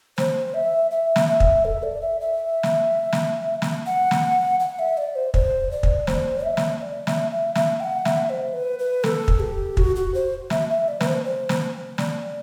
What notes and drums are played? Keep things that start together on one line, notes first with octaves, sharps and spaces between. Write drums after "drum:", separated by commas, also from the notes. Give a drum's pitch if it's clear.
C5, drum: snare
E5
E5
drum: snare
E5
drum: kick
A4
D5
E5
E5
drum: snare
drum: snare
drum: snare
F#5
drum: snare
F#5
E5
D5
C5
C5, drum: kick
D5
drum: kick
C5, drum: snare
E5
drum: snare
D5
E5, drum: snare
E5
E5, drum: snare
G5
F#5
E5, drum: snare
C5
B4
B4
A4, drum: snare
drum: kick
G4
F#4, drum: kick
F#4
C5
E5, drum: snare
E5
D5
B4, drum: snare
C5
C5
drum: snare
D5, drum: snare